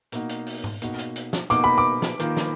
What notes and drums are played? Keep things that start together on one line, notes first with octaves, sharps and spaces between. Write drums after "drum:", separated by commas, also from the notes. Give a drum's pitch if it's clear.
B2 A#3 D#4 F#4, drum: hi-hat
drum: hi-hat
drum: open hi-hat
drum: tom G#2
B2 A#3 D#4 F#4, drum: hi-hat
drum: hi-hat
drum: hi-hat
drum: snare
B2 A#3 D#4 F#4 D6, drum: hi-hat
B5
D6
drum: snare
D#3 A#3 F4, drum: hi-hat
drum: snare